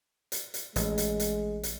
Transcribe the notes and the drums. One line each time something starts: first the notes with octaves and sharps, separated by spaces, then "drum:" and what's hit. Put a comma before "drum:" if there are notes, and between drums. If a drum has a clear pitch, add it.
drum: hi-hat
drum: hi-hat
A1 G#3, drum: hi-hat
drum: hi-hat
drum: hi-hat
drum: hi-hat